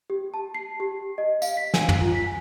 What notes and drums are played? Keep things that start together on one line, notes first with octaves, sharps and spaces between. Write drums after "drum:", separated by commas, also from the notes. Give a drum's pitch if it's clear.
G4
A5
C7
G4
D#5
F5, drum: tambourine
B6
G#5, drum: snare
drum: tom
F4
B6
G#5